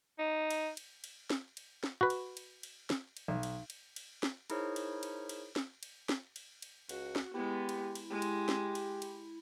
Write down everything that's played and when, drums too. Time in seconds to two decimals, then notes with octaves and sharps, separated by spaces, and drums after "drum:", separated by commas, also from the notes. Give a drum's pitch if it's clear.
0.19 D#4
0.51 drum: cymbal
0.77 drum: cymbal
1.04 drum: cymbal
1.30 drum: snare
1.57 drum: cymbal
1.84 drum: snare
2.01 F#4 B4
2.10 drum: cymbal
2.37 drum: cymbal
2.63 drum: cymbal
2.90 drum: snare
3.17 drum: cymbal
3.28 B1
3.43 drum: cymbal
3.70 drum: cymbal
3.96 drum: cymbal
4.23 drum: snare
4.50 D#4 E4 G#4 A#4 C5 C#5, drum: cymbal
4.76 drum: cymbal
5.03 drum: cymbal
5.29 drum: cymbal
5.56 drum: snare
5.83 drum: cymbal
6.09 drum: snare
6.36 drum: cymbal
6.62 drum: cymbal
6.89 C#2 F#4, drum: cymbal
7.16 drum: snare
7.34 G#3 B3 E4 G4
7.69 drum: cymbal
7.95 drum: cymbal
8.10 G#3 G4
8.22 drum: cymbal
8.49 drum: snare
8.75 drum: cymbal
9.02 drum: cymbal